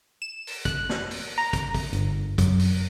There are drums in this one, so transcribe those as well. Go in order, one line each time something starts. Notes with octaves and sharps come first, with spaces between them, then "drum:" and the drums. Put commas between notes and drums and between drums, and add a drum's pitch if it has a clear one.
E7
drum: open hi-hat
F#6, drum: kick, hi-hat
drum: snare
drum: open hi-hat
A#5
drum: kick, hi-hat
drum: kick, open hi-hat
G1, drum: hi-hat
F#2, drum: kick, hi-hat
drum: open hi-hat